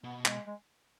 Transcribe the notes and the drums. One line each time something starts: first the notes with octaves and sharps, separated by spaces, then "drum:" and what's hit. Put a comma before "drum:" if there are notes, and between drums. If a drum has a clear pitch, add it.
B2 B3
G#3, drum: clap
G#3